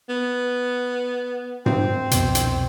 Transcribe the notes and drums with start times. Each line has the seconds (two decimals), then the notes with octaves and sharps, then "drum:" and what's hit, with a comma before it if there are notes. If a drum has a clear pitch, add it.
0.09 B3
1.66 C4, drum: tom G2
2.11 C2 F2 B2, drum: hi-hat
2.35 drum: hi-hat